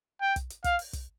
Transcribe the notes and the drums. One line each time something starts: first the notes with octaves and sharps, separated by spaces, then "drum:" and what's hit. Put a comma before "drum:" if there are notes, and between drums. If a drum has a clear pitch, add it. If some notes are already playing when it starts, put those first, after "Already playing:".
G5
drum: kick, hi-hat
drum: hi-hat
F5, drum: kick, hi-hat
drum: open hi-hat
drum: kick, hi-hat